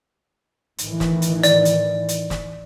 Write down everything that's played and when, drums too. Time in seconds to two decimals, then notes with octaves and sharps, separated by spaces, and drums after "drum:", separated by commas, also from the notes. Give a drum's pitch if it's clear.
0.78 A2 D#3 E3, drum: hi-hat
1.00 drum: snare
1.22 drum: hi-hat
1.43 D5, drum: hi-hat
1.65 drum: hi-hat
2.09 drum: hi-hat
2.30 drum: snare